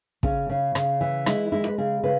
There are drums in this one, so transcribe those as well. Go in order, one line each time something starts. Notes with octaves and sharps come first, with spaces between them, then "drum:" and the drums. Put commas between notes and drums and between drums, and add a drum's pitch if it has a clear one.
C#3 C#4, drum: kick
C#3
C#3, drum: rim click
E3
G#3 E4, drum: rim click
G#3 E4
B4
C#3 G#4
C#3 B4